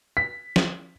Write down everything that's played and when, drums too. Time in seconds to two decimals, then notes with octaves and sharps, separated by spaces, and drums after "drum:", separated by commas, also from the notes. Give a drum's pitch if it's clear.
0.17 B6
0.56 drum: snare